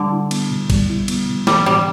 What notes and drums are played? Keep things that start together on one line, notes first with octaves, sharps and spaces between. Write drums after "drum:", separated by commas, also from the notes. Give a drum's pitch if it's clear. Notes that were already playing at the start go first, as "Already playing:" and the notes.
Already playing: D3 G3
E4
B3, drum: cymbal
B2
G3, drum: kick A1, cymbal
E4
B3, drum: cymbal
B2
E3 G3, drum: snare
A2 G3